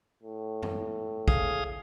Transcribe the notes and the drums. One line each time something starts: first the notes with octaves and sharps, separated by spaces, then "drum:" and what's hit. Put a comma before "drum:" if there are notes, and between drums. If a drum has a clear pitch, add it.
A2
drum: tom
G#4 F5 D#6, drum: kick